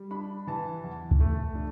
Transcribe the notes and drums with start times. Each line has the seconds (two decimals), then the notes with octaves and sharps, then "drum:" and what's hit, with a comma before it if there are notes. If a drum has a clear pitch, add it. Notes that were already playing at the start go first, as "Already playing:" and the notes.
Already playing: G3
0.11 D4 B5
0.47 E3 A5
0.84 E2
1.11 drum: kick
1.20 A3
1.55 D4